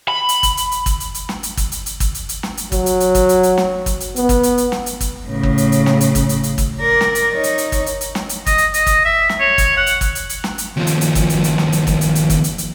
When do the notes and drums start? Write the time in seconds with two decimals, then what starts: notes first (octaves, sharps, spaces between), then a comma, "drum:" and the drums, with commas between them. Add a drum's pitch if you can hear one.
0.08 B5
0.29 drum: hi-hat
0.43 drum: kick, hi-hat
0.57 drum: hi-hat
0.72 drum: hi-hat
0.86 drum: kick, hi-hat
1.00 drum: hi-hat
1.14 drum: hi-hat
1.29 drum: snare
1.43 drum: hi-hat
1.57 drum: kick, hi-hat
1.72 drum: hi-hat
1.86 drum: hi-hat
2.00 drum: kick, hi-hat
2.15 drum: hi-hat
2.29 drum: hi-hat
2.43 drum: snare
2.57 drum: hi-hat
2.72 F#3, drum: kick, hi-hat
2.86 drum: hi-hat
3.00 drum: hi-hat
3.15 drum: kick, hi-hat
3.29 drum: hi-hat
3.43 drum: hi-hat
3.58 drum: snare
3.86 drum: kick, hi-hat
4.00 drum: hi-hat
4.16 B3, drum: hi-hat
4.29 drum: kick, hi-hat
4.43 drum: hi-hat
4.58 drum: hi-hat
4.72 drum: snare
4.86 drum: hi-hat
5.01 drum: kick, hi-hat
5.28 A2 C#3
5.43 drum: kick
5.58 drum: hi-hat
5.72 drum: hi-hat
5.86 drum: snare
6.01 drum: hi-hat
6.15 drum: kick, hi-hat
6.29 drum: hi-hat
6.43 drum: hi-hat
6.58 drum: kick, hi-hat
6.81 A#4 D5
7.01 drum: snare
7.15 drum: hi-hat
7.33 D#4 C#5
7.44 drum: hi-hat
7.58 drum: hi-hat
7.72 drum: kick, hi-hat
7.86 drum: hi-hat
8.01 drum: hi-hat
8.15 drum: snare
8.29 drum: hi-hat
8.46 D#5, drum: kick, hi-hat
8.58 drum: hi-hat
8.74 D#5, drum: hi-hat
8.87 drum: kick, hi-hat
9.05 E5
9.29 drum: snare
9.40 C#5
9.58 drum: kick, hi-hat
9.77 F#5
9.87 drum: hi-hat
10.01 drum: kick, hi-hat
10.15 drum: hi-hat
10.29 drum: hi-hat
10.44 drum: snare
10.58 drum: hi-hat
10.77 D#2 F3
10.87 drum: hi-hat
11.01 drum: hi-hat
11.15 drum: kick, hi-hat
11.30 drum: hi-hat
11.44 drum: hi-hat
11.58 drum: snare
11.72 drum: hi-hat
11.87 drum: kick, hi-hat
12.01 drum: hi-hat
12.15 drum: hi-hat
12.30 drum: kick, hi-hat
12.44 drum: hi-hat
12.58 drum: hi-hat